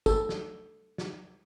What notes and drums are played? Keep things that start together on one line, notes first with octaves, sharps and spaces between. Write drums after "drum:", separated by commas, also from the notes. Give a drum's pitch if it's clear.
A4, drum: kick, tambourine
drum: snare
drum: snare